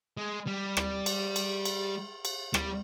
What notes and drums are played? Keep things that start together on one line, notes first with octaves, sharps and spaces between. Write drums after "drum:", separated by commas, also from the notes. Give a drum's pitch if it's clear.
G#3
G3
drum: rim click
drum: cymbal
drum: cymbal
drum: cymbal
drum: cymbal
G3, drum: rim click